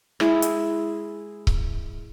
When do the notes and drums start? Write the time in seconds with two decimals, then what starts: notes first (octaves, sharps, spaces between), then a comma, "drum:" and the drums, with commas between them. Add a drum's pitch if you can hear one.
0.20 G#3 E4, drum: rim click
0.42 drum: hi-hat
1.47 drum: kick C#1